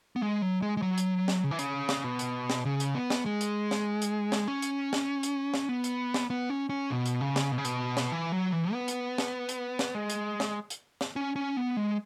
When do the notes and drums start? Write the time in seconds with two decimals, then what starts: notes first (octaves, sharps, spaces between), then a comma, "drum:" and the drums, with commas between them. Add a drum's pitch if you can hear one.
0.16 B3
0.22 G#3
0.42 F#3
0.62 G#3
0.77 G#3
0.82 F#3
0.98 drum: hi-hat
1.28 drum: snare
1.44 C#3
1.51 E3
1.59 C#3, drum: hi-hat
1.89 drum: snare
2.04 B2
2.19 drum: hi-hat
2.50 drum: snare
2.65 C#3
2.80 drum: hi-hat
2.95 B3
3.10 drum: snare
3.26 G#3
3.41 drum: hi-hat
3.71 drum: snare
4.02 drum: hi-hat
4.32 drum: snare
4.48 C#4
4.62 drum: hi-hat
4.93 drum: snare
5.23 drum: hi-hat
5.54 drum: snare
5.69 B3
5.84 drum: hi-hat
6.14 drum: snare
6.30 B3
6.50 C#4
6.70 C#4
6.90 B2
7.06 drum: hi-hat
7.21 C#3
7.36 drum: snare
7.52 B2
7.58 C#3
7.65 B2, drum: hi-hat
7.97 drum: snare
8.12 E3
8.32 F#3
8.52 E3
8.73 B3
8.88 drum: hi-hat
9.18 drum: snare
9.49 drum: hi-hat
9.79 drum: snare
9.95 G#3
10.10 drum: hi-hat
10.40 drum: snare
10.70 drum: hi-hat
11.01 drum: snare
11.16 C#4
11.36 C#4
11.57 B3
11.77 G#3